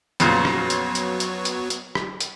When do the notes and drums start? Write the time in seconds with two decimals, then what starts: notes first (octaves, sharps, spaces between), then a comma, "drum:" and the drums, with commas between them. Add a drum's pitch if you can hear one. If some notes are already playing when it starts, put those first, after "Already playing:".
0.20 F2 A#2 C#3 F#3 B3 C#5, drum: hi-hat
0.45 drum: rim click
0.70 drum: hi-hat
0.95 drum: hi-hat
1.20 drum: hi-hat
1.45 drum: hi-hat
1.70 drum: hi-hat
1.95 drum: rim click
2.20 drum: hi-hat